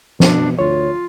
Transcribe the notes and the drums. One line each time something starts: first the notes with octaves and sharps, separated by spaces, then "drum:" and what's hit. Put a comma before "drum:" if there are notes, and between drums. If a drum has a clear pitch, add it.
B2 D4, drum: snare
D2 F4 C#5